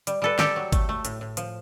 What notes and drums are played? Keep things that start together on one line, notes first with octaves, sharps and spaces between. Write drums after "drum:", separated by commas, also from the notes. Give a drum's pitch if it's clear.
G3, drum: hi-hat
G3 A4 B4
G3 G4 A4, drum: snare
F#3
A3, drum: kick G#1, hi-hat
A3
A2, drum: hi-hat
A2
F3, drum: hi-hat